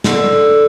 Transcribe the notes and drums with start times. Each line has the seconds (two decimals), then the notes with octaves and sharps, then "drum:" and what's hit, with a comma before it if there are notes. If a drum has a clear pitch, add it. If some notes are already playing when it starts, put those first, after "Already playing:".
0.04 D3, drum: snare